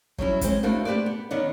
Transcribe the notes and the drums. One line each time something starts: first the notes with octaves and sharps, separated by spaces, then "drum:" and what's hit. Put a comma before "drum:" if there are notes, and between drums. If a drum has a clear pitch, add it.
F#3 G3 C#4 E4, drum: kick
F#2 G#3 C4 C#4, drum: kick, hi-hat
A3 A#3 C4 D4 E4 F#4
D4 G4 B4 C5 D5
B3
D#3 B3 C#4 D4 D#5